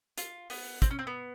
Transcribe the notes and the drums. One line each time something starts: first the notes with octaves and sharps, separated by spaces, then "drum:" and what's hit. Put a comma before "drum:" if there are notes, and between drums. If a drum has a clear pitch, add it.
F4, drum: hi-hat
B3, drum: open hi-hat
C4, drum: kick, hi-hat
C#4
C4
B3